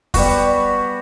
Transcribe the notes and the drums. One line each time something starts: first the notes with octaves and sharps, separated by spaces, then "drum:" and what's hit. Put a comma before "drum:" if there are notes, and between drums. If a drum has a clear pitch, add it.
G3 B3 F#4, drum: kick, open hi-hat